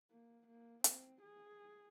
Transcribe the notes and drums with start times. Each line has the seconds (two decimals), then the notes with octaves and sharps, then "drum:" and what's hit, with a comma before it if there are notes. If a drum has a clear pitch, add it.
0.11 A#3
0.47 A#3
0.84 C4, drum: hi-hat
1.22 G#4